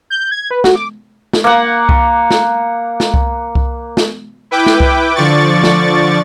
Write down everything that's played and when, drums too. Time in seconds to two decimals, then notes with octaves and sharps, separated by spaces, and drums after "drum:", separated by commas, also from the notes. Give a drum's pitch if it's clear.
0.10 G6
0.31 G#6
0.51 B4
0.64 F#4, drum: snare
0.76 D6
1.33 drum: snare
1.44 A#3 F#5
1.89 drum: kick C2
2.31 drum: snare
3.00 drum: snare
3.14 drum: kick C2
3.55 drum: kick C2
3.97 drum: snare
4.51 E4 B4 G5 D6
4.66 drum: snare
4.80 drum: kick C2
5.15 D3 F3 D5 C#6 A6
5.64 drum: snare